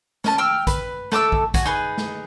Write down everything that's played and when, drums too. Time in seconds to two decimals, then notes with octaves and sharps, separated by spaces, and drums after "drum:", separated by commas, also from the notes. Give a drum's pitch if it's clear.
0.24 C#4 D#5 A5, drum: snare
0.38 G5 E6 F6
0.67 B4, drum: kick, hi-hat
1.12 A3 A5 D6 E6, drum: snare
1.32 drum: kick
1.54 F#4 G#5, drum: kick, hi-hat
1.65 D#4 G#4 B4
1.97 drum: snare